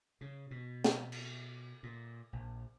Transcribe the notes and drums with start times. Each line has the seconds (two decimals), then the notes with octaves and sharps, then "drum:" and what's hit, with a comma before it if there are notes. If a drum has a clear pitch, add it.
0.21 C#3
0.51 B2
0.84 drum: snare
1.12 drum: cymbal
1.83 A#2
2.33 A#1